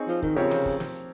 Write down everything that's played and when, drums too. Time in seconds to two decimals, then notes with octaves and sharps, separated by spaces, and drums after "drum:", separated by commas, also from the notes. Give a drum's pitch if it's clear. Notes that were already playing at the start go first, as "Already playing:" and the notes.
Already playing: C4 D#4 G#4 C#5
0.08 F3, drum: hi-hat
0.23 D#3, drum: kick
0.36 C#3 F3 C4 G4 A#4 C#5, drum: hi-hat
0.51 drum: snare
0.66 drum: kick, open hi-hat
0.80 drum: snare
0.95 drum: hi-hat